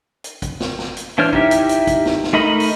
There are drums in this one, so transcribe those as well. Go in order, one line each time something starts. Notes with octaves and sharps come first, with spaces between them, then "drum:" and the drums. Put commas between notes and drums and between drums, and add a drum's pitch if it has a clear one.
drum: hi-hat
drum: kick, hi-hat
drum: snare
drum: snare
drum: hi-hat
E3 D4 C5 C#5 F6
D#4 E4 G4 E5, drum: kick
drum: hi-hat
drum: hi-hat
drum: kick, hi-hat
drum: snare
drum: snare
A3 D#4 A#4 D#5 B5
drum: open hi-hat